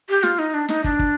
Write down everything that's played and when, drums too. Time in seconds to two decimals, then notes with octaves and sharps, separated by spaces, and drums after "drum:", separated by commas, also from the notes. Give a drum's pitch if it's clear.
0.09 G4
0.23 F4, drum: snare
0.39 D#4
0.54 D4
0.69 D#4, drum: snare
0.84 D4, drum: kick
0.99 drum: kick